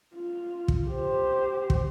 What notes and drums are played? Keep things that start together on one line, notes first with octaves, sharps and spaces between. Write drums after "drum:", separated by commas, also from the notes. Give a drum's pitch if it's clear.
F4
drum: kick
G4 C5
drum: kick